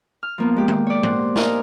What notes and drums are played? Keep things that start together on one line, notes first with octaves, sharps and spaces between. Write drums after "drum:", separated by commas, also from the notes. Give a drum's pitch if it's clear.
F6
F3 A#3 B3
G#3 G4
drum: tom D#3
C#5 D5
C5 F#5, drum: tom
D4 D#4 A#4 F5 G#5, drum: snare